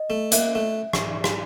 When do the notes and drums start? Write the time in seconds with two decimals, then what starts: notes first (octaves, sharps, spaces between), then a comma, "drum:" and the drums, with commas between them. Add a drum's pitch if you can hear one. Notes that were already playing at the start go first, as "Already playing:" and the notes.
Already playing: D#5
0.10 A3
0.32 A#3 E5, drum: hi-hat
0.55 A3
0.93 drum: rim click
1.24 drum: rim click